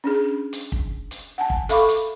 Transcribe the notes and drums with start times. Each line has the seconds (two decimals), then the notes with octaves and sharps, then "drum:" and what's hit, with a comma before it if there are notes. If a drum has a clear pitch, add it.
0.04 C#4 D4 G#4
0.53 drum: hi-hat
0.72 drum: kick
1.11 drum: hi-hat
1.38 F#5 G#5 A5
1.50 drum: kick
1.69 A4 E5 F5 B5 C#6 D6, drum: hi-hat
1.89 drum: hi-hat